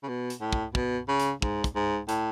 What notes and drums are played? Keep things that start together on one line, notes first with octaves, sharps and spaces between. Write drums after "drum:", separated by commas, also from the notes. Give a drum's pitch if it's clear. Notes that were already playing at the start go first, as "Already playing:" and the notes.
C#3
B2
drum: hi-hat
A2
drum: kick
B2, drum: kick
C#3
drum: hi-hat
G#2, drum: kick
drum: kick, hi-hat
G#2
A2, drum: hi-hat